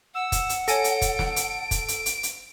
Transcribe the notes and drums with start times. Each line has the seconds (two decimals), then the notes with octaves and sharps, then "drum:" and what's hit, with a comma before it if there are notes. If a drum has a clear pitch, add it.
0.15 F#5 E6
0.32 drum: kick, hi-hat
0.49 drum: hi-hat
0.68 A4 C#5 G#5 A#6 D7, drum: hi-hat
0.84 drum: hi-hat
1.02 drum: kick, hi-hat
1.19 drum: snare
1.36 drum: hi-hat
1.71 drum: kick, hi-hat
1.88 drum: hi-hat
2.06 drum: hi-hat
2.23 drum: hi-hat